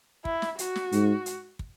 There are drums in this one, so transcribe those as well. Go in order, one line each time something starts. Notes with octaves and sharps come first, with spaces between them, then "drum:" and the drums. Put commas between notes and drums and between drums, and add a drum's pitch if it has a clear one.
E4, drum: kick
drum: snare
F#4, drum: hi-hat
drum: snare
G#2, drum: hi-hat
drum: hi-hat
drum: kick